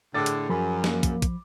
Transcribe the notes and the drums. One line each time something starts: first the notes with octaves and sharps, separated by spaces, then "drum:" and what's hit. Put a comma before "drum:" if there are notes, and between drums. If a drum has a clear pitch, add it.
A2 D3 G#4 D6 A6
drum: hi-hat
F#2 F3 G#5 B5 C6
A#3, drum: snare
drum: kick, hi-hat
drum: kick, hi-hat